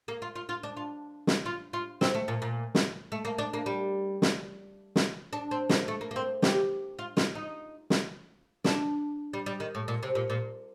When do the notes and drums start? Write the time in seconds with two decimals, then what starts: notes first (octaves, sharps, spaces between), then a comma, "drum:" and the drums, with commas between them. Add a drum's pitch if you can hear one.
0.08 A#3
0.22 F4
0.35 F4
0.49 F4
0.63 D4
0.77 F4
1.27 drum: snare
1.46 F4
1.73 F4
2.01 C4, drum: snare
2.14 A3
2.28 A#2
2.42 A#2
2.75 drum: snare
3.12 A3
3.25 A#3
3.38 D4
3.53 A#3
3.66 G3
4.22 drum: snare
4.96 drum: snare
5.33 D4
5.51 C4
5.69 A#3, drum: snare
5.88 A3
6.01 A#3
6.11 A#3
6.16 C4
6.42 G4, drum: snare
6.99 F4
7.17 F4, drum: snare
7.35 D#4
7.90 drum: snare
8.64 D4, drum: snare
9.33 G3
9.46 G3
9.60 D#3
9.75 A2
9.88 A#2
10.03 C3
10.15 A#2
10.30 A#2